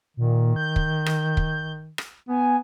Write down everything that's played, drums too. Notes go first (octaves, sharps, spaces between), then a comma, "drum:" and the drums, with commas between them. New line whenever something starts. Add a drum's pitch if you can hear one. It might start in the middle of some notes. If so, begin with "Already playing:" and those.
A#2 D#3
G6
drum: kick
drum: rim click
drum: kick
drum: rim click
B3 G#5